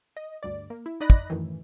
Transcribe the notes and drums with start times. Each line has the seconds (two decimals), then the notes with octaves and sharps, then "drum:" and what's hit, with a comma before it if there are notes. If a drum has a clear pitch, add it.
0.17 D#5
0.43 D2 G2 D5
0.70 A#3
0.86 E4
1.00 D#4 D5 D#5 B5 F#6 A#6
1.10 drum: kick
1.30 F#2 A2 D#3 E3